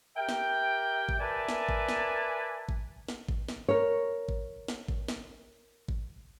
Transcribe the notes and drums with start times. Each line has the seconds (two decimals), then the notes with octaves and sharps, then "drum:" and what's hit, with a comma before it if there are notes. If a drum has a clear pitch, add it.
0.17 G4 A#4 E5 G5
0.29 drum: snare
1.09 drum: kick
1.20 A#4 B4 D5 E5 G#5 A5
1.49 drum: snare
1.69 drum: kick
1.89 drum: snare
2.69 drum: kick
3.09 drum: snare
3.29 drum: kick
3.49 drum: snare
3.69 A#4 C#5
4.28 drum: kick
4.68 drum: snare
4.88 drum: kick
5.08 drum: snare
5.88 drum: kick